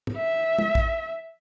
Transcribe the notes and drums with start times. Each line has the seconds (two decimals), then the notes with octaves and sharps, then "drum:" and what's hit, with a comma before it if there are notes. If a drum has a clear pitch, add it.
0.07 drum: tom
0.17 E5
0.59 drum: tom
0.75 drum: kick